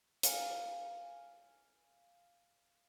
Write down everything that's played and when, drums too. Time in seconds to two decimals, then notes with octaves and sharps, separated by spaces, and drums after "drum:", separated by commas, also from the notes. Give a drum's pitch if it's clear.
0.23 F5 G#5, drum: hi-hat